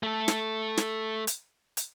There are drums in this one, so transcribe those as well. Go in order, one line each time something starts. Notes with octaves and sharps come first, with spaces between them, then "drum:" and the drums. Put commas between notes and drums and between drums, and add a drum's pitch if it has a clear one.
A3 A4
drum: snare
drum: snare
drum: hi-hat
drum: hi-hat